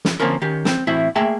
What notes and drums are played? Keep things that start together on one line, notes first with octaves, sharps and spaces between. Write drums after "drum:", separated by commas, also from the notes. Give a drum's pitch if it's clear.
drum: snare
D3 F3 A#3 C4 C#4 A#4
D#3 C#4 G4
C4, drum: snare
A2 E3 C4 E4 F#4 E5
A3 A#3 G#4 E5 G5